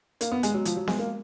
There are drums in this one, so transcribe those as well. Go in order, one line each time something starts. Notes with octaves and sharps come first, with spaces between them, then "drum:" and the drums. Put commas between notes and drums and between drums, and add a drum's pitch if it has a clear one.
A#3, drum: hi-hat
B3
G#3, drum: hi-hat
F#3
F3, drum: hi-hat
F#3
G#3, drum: snare B3
A#3